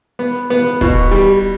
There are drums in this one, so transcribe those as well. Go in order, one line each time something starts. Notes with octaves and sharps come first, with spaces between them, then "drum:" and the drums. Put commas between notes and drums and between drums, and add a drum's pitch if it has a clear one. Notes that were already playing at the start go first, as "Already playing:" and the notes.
B3
B3
B2, drum: kick
G3